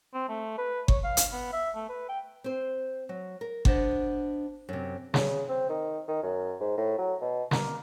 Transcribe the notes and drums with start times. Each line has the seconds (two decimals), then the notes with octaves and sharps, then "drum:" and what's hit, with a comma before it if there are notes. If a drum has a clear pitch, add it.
0.14 C4
0.29 A3
0.58 B4
0.88 C#5, drum: kick G1
1.04 F5
1.17 drum: hi-hat
1.33 B3
1.53 E5
1.75 A3
1.89 B4
2.09 G5
2.44 C4 C5
3.09 F#3
3.41 A#4
3.65 B3 D4 C5 D#5 F#5, drum: kick G1
4.69 F#2 C3
5.14 C#3, drum: snare
5.49 C4
5.69 D#3
6.08 D#3
6.23 F#2
6.61 G#2
6.78 A2
6.99 F#3
7.22 B2
7.51 A#3, drum: snare